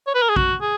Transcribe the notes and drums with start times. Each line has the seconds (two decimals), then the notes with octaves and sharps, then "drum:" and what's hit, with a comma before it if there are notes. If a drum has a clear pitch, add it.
0.07 C#5
0.15 B4
0.22 A#4
0.29 G#4
0.36 F#4, drum: kick A#1
0.61 G#4